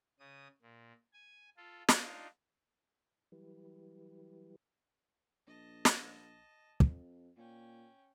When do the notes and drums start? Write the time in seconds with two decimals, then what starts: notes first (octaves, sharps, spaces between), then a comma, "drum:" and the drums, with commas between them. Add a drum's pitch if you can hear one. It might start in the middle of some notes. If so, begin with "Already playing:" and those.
0.19 C#3 D#6
0.62 A#2
1.13 G#5
1.57 F4 A4
1.89 D4 D#4 F4, drum: snare
3.32 E3 F#3 G3 E4 G4 B4
5.47 A#1 D#5 A5
5.85 drum: snare
6.80 F2, drum: kick
7.37 A#2 C#4 G5